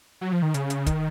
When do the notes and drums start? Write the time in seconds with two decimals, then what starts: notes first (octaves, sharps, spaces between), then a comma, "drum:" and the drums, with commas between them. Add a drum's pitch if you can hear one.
0.21 F#3
0.32 F3
0.42 D#3
0.54 C#3, drum: hi-hat
0.70 drum: hi-hat
0.86 D#3, drum: kick, hi-hat